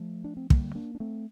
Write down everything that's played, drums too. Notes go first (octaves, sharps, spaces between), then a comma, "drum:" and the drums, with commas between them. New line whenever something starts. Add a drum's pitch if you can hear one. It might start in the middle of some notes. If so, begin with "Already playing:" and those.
Already playing: F3 A3
D4
C4
D2 D3 G3 A#3, drum: kick
A#3 D4
D4
A3 C4